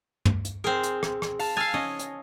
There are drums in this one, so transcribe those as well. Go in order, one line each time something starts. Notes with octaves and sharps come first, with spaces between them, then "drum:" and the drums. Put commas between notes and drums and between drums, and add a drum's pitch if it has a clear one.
drum: tom
drum: hi-hat
C4 G#4 A#4
drum: hi-hat
drum: rim click
drum: rim click
F5 A5, drum: open hi-hat
F5 G#5 E6 F6 A6
C#4 D#5
drum: hi-hat